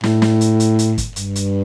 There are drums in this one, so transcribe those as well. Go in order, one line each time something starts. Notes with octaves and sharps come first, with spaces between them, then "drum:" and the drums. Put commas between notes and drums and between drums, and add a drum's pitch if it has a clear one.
A2, drum: snare
drum: snare
drum: hi-hat
drum: hi-hat
drum: hi-hat
drum: kick, hi-hat
G2, drum: hi-hat
drum: hi-hat